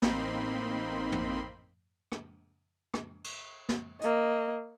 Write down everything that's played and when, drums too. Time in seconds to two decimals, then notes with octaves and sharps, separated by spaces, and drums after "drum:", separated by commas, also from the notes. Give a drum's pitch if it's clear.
0.02 A1 A#3 C4 D#4 B5 C6, drum: snare
1.12 drum: tom
2.12 drum: rim click
2.94 drum: rim click
3.24 drum: cymbal
3.69 drum: snare
4.01 A#3 D#5, drum: hi-hat